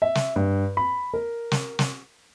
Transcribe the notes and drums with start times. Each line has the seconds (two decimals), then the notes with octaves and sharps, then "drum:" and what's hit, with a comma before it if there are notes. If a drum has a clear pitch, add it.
0.02 E5
0.15 drum: snare
0.36 G2
0.77 B5
1.14 A#4
1.52 drum: snare
1.79 drum: snare